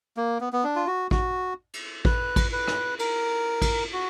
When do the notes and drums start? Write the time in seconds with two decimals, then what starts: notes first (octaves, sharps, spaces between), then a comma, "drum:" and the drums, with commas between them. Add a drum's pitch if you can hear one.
0.17 A#3
0.41 B3
0.53 B3
0.64 D4
0.76 F4
0.87 F#4
1.11 F#4, drum: kick A1
1.74 drum: cymbal
2.05 B4, drum: kick A1
2.36 drum: kick A1, cymbal
2.52 B4
2.68 drum: rim click
2.99 A#4, drum: cymbal
3.62 drum: kick A1, cymbal
3.93 F#4